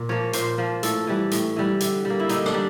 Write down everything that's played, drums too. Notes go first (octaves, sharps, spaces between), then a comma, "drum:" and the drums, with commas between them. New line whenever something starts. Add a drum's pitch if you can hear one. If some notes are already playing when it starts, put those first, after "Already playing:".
Already playing: A#2
F3 A#3 C#5
A#2 C5, drum: hi-hat
F3 A#3
A2 A4, drum: hi-hat
E3 G3
A2, drum: hi-hat
E3 G3
D3, drum: hi-hat
G3 A#3
E4
D3 D#4, drum: hi-hat
D4, drum: rim click
G3